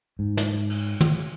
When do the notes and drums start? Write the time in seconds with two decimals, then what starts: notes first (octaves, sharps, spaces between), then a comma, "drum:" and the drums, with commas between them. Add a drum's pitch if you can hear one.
0.19 G#2
0.37 drum: snare
0.70 drum: cymbal
1.01 drum: tom